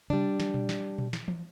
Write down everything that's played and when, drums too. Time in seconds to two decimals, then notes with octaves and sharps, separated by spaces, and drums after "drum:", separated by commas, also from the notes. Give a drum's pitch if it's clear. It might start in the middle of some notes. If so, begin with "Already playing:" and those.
0.10 G3 D4, drum: tom C3
0.40 drum: snare
0.54 drum: tom A#2
0.69 drum: snare
0.98 drum: tom A#2
1.13 drum: snare
1.28 drum: tom E3